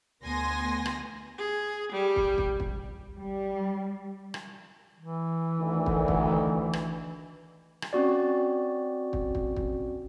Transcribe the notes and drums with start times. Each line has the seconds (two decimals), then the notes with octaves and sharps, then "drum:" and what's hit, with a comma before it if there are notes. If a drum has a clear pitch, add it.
0.23 D2 B3 G#5 C6 A#6
0.86 drum: rim click
1.38 G#4
1.92 G3
2.16 drum: kick
2.38 drum: kick
2.60 drum: kick
3.17 G3
4.34 drum: rim click
4.99 E3
5.60 D2 D#3
5.86 drum: kick
6.08 drum: kick
6.73 drum: rim click
7.82 drum: rim click
7.93 C4 C#4 F#4 D5
9.13 drum: kick
9.35 drum: kick
9.56 drum: kick